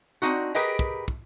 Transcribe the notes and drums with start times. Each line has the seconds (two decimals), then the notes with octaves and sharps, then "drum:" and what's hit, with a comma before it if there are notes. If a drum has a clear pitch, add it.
0.22 C4 D4 D#4 F#4
0.55 G4 G#4 A#4 B4 D#5 G5
0.79 drum: kick
1.08 drum: kick